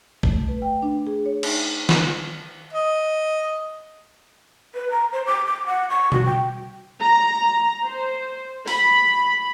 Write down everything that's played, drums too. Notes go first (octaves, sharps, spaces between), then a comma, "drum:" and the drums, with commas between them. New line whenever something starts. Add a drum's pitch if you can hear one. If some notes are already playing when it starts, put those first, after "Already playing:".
A3, drum: kick
B4
G5
D4
G#4
C#5
D#4, drum: cymbal
drum: snare
D#5
B4
A#5
C5
D6
D6
F#5
C#6
F#4, drum: tom B2
G5
A#5
C5
B5, drum: open hi-hat